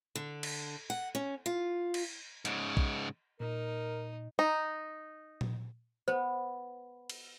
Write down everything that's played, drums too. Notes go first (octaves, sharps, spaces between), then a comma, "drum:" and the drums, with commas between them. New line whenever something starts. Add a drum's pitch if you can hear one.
D3
drum: cymbal
F#5
C#4
F4
drum: cymbal
G#2 C#3, drum: hi-hat
drum: kick A#1
A#2 D#4 A#4
D#4
drum: tom A#2
B3 C5
drum: cymbal